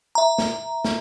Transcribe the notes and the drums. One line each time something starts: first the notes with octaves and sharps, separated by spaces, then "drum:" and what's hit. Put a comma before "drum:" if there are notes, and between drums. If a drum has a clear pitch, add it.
E5 A#5
drum: snare
drum: snare